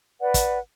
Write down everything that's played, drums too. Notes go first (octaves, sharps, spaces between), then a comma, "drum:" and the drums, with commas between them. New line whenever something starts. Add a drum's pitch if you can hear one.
B4 D5 F#5
drum: kick, hi-hat